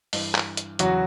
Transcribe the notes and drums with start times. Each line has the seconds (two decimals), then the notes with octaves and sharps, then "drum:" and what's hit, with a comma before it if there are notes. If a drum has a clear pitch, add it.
0.13 G2 E3, drum: open hi-hat
0.35 drum: clap
0.57 drum: hi-hat
0.79 E2 C#3 E3 F#3 F#4, drum: hi-hat